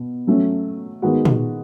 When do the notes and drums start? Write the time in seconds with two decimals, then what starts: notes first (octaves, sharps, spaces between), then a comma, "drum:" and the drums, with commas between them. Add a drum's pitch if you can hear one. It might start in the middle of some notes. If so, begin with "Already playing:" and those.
Already playing: B2
0.27 F#3 A3 C#4
1.02 D#3 G#3 B3 F#4
1.25 drum: tom A#2